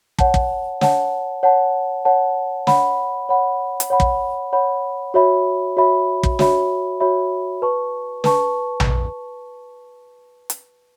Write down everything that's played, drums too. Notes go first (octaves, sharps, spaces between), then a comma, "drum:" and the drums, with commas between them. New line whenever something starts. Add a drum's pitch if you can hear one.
C#5 F#5 A5, drum: kick
drum: kick
C#5 F#5 A5, drum: snare
C#5 F#5 A5
C#5 F#5 A5
C#5 F#5 B5, drum: snare
C#5 F#5 B5
drum: hi-hat
C#5 F#5 B5
drum: kick
C#5 F#5 B5
F#4 C#5 E5 B5
F#4 C#5 E5 B5
drum: kick
F#4 C#5 E5 B5, drum: snare
F#4 C#5 E5 B5
B4 A5 C#6
B4 A5 C#6, drum: snare
drum: tom A#1
drum: hi-hat